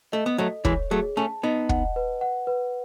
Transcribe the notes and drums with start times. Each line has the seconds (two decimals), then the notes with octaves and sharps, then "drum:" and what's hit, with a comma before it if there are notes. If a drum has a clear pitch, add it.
0.13 A3 D#5
0.26 B3
0.38 F#3 A3 A4
0.65 E3 G#3 C#5, drum: kick
0.91 F#3 A3 G#4
1.17 A3 C#4 A5
1.43 B3 D#4 D#5
1.69 F#5, drum: kick
1.96 B4
2.21 F#5
2.47 B4